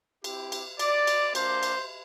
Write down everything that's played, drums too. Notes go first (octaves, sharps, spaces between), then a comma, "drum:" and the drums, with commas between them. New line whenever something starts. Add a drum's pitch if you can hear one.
C4 E4 G4, drum: cymbal
drum: cymbal
D5, drum: cymbal
drum: cymbal
A#3 D4 G4 C5, drum: cymbal
drum: cymbal